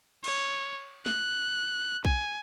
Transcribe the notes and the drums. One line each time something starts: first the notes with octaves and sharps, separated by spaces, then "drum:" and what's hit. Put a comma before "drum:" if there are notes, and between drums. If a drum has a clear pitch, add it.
C#5, drum: cymbal
F#6, drum: snare
G#5, drum: kick B1